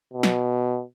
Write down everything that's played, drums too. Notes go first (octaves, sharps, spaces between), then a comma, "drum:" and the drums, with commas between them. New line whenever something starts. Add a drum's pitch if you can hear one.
B2
drum: snare